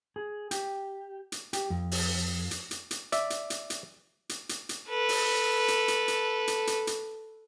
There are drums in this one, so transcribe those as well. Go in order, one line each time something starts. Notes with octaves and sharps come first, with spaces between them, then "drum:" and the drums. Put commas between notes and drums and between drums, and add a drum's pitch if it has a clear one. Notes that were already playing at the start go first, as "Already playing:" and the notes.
G#4
G4, drum: hi-hat
drum: hi-hat
G4, drum: hi-hat
F2
drum: open hi-hat
drum: hi-hat
drum: hi-hat
drum: hi-hat
D5 E5, drum: hi-hat
drum: hi-hat
drum: hi-hat
drum: hi-hat
drum: hi-hat
drum: hi-hat
drum: hi-hat
A4 B4
drum: open hi-hat
drum: hi-hat
drum: hi-hat
drum: hi-hat
drum: hi-hat
drum: hi-hat
drum: hi-hat